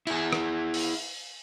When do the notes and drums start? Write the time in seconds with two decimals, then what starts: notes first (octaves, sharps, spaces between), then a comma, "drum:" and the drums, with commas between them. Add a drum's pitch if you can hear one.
0.07 E4 G#4, drum: cymbal
0.33 drum: rim click
0.74 drum: open hi-hat